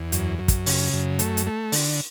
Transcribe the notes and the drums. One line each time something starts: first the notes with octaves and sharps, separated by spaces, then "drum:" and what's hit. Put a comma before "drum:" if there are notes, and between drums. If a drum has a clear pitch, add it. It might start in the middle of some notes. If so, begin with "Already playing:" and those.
Already playing: E2
F#2, drum: hi-hat
F#2
drum: kick, hi-hat
C#3, drum: open hi-hat
F#2
A3, drum: hi-hat
drum: hi-hat
A3
D3, drum: open hi-hat